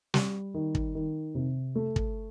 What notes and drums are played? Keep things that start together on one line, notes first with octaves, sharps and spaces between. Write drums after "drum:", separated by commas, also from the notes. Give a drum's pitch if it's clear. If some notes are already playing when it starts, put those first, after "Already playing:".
G3, drum: snare
D#3
drum: kick
D#3
C3
A3
drum: kick